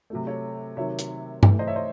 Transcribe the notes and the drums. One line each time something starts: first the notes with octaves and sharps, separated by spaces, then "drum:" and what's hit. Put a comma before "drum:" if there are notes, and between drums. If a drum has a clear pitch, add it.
C3 F#3 A3
A4 C#5
C3 D#3 F#3 C#5 E5
drum: hi-hat
C3 E3 A3, drum: tom G2
C5 D#5
C#5 E5
C5 D#5